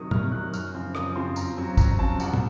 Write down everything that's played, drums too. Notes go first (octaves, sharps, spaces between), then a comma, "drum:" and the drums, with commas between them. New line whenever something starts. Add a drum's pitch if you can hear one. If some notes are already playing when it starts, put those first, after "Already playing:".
Already playing: C3 D#3 F#3 D#6
C3 F6, drum: tom
D#3 F#3 F#6
F#2 F6, drum: tambourine
C#3 F3 C4
F#2 D#6, drum: rim click
C#3 F3 C4 C6
F2 A#5, drum: tambourine
C#3 F#3 C4
F2 A#5, drum: kick, tambourine
C#3 F#3 C4 A5
C2 F#5, drum: tambourine
drum: tom